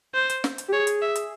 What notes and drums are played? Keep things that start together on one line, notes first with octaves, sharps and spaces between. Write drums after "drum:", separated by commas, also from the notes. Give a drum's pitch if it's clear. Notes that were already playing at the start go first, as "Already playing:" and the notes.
C5
drum: hi-hat
drum: snare
drum: hi-hat
G4
G#4 C#5
drum: hi-hat
E5
drum: hi-hat